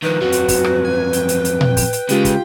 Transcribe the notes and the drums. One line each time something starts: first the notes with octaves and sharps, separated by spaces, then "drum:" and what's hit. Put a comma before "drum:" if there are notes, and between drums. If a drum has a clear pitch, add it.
D#3 F3 B4
F2 F#3 F#4
drum: hi-hat
drum: kick, open hi-hat
drum: rim click
G#5
G5, drum: hi-hat
drum: hi-hat
drum: hi-hat
drum: tom A#2
drum: kick, open hi-hat
drum: hi-hat
C#3 G#3 F4 G4 G5, drum: hi-hat
drum: kick, hi-hat